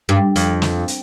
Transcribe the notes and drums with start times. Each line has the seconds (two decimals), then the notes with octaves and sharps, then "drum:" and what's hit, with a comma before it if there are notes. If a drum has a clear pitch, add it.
0.09 G2
0.36 F2, drum: hi-hat
0.62 drum: snare
0.88 drum: hi-hat